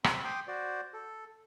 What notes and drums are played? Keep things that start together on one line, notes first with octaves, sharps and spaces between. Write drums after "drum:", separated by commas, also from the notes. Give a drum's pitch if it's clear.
C4 B5, drum: rim click
G5 C6 D6 D#6
F#4 C5 D5
A4